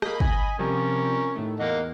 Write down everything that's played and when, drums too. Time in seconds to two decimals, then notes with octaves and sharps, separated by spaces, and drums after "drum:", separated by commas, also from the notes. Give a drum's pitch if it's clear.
0.02 A#3 D#5 B5, drum: rim click
0.20 G#5, drum: kick
0.59 C3 F3 G3 C#4 A#4
1.35 A2 D#3 A3
1.60 E2 A#3 D#5 F#5